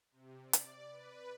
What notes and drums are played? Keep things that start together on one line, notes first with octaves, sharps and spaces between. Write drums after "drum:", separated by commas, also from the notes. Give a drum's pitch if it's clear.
C3
D5
drum: hi-hat
B4